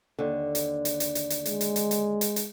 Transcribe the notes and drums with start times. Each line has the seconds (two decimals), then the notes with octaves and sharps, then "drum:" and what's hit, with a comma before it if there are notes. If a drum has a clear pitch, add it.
0.19 D#2 D3
0.55 drum: hi-hat
0.85 drum: hi-hat
1.00 drum: hi-hat
1.15 drum: hi-hat
1.30 drum: hi-hat
1.46 G#3, drum: hi-hat
1.61 drum: hi-hat
1.76 drum: hi-hat
1.91 drum: hi-hat
2.21 drum: hi-hat
2.36 drum: hi-hat